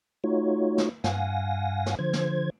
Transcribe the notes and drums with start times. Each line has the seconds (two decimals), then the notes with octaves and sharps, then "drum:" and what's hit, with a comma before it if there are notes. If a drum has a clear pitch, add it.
0.24 A3 D#4 F4 F#4 C#5
0.78 drum: snare
1.04 G2 F5 F#5 G#5 A#6, drum: snare
1.86 drum: snare
1.99 D3 F3 C5 G#6
2.13 drum: snare